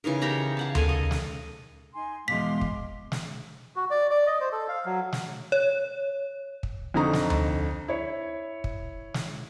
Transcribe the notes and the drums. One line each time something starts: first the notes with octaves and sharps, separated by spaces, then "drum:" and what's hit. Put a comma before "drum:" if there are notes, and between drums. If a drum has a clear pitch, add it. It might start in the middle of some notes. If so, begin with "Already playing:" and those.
C#3 E3 D#4 A#4
G4 A#4 A#5 B5
F5 F#5 A5
A4 A#4 F5 G#5, drum: tom D2
D#5
drum: snare
D#4 G#5 C6
E2 B2 G#3 F5 C6 D6 B6
drum: kick
drum: snare
F#4
D5
D5
D#5
C5
A4
F5
F#3
drum: snare
C#5
drum: kick
F2 D3 D#4 A#5 C#6
drum: snare
drum: tom D2
E4 C#5
drum: kick
drum: snare